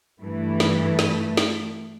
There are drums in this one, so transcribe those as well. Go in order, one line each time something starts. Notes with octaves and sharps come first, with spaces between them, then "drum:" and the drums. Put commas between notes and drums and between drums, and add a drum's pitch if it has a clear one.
G2 E3 A3
drum: snare
drum: snare
drum: snare